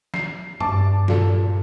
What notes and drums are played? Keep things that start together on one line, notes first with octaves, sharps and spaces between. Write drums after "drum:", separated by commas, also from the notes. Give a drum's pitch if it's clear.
C7, drum: snare
G2 A5 D6, drum: tom
A#2 A4, drum: snare